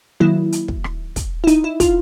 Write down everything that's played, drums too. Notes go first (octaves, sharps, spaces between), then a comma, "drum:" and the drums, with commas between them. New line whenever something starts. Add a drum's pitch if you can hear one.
D#3 F#3 A#3 E4
drum: hi-hat
drum: kick
drum: rim click
drum: kick, hi-hat
E4
D#4, drum: hi-hat
E4
F4, drum: kick, hi-hat